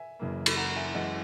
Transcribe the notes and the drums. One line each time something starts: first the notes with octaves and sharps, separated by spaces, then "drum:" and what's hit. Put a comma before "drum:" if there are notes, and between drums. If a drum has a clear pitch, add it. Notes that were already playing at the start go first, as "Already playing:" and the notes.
Already playing: E5 G#5
F#1 F#2 C#3 E3 A#3
B5, drum: cymbal
F#5 A#5
E5 G#5
F#2 E3 G#3 D#5 F#5